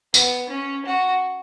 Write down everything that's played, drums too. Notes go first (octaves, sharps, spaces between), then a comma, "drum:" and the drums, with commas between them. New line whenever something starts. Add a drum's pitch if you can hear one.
B3, drum: tambourine
C#4
F#4